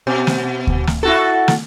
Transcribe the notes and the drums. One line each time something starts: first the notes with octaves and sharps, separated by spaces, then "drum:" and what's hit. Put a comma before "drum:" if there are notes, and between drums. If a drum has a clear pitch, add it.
B2
drum: snare
drum: kick D2
drum: snare
E4 F#4 A4
drum: snare